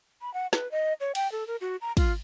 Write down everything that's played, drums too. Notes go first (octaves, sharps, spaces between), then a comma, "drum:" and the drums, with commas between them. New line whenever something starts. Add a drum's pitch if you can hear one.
B5
F#5
B4, drum: snare
D#5
C#5
G5, drum: cymbal
A4
A#4
F#4
A#5
F4, drum: kick, cymbal